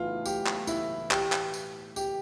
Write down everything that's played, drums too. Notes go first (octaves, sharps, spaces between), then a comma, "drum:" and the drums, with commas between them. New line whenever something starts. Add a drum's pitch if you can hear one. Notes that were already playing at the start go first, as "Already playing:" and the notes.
Already playing: B1 A2 E3 F4
G4, drum: tambourine
drum: clap
E4, drum: tambourine
G4, drum: clap
drum: clap
drum: tambourine
G4, drum: tambourine